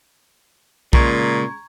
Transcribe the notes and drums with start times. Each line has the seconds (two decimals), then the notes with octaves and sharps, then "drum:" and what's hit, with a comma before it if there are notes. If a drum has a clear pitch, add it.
0.93 A#2 C#3 G#3 A#5 C#6 G#6, drum: kick B1